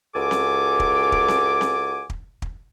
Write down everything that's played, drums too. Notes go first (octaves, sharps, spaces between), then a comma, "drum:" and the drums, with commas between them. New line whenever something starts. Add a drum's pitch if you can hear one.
C#2 F#4 A4 G#5 D6
drum: snare C4
drum: kick
drum: kick
drum: snare C4
drum: snare C4
drum: kick
drum: kick